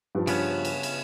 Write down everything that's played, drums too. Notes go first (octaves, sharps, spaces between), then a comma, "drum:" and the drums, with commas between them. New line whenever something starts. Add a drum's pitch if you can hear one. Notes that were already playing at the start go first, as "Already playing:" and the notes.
G2 F3
C#3 B3 C#4, drum: cymbal
drum: cymbal
drum: cymbal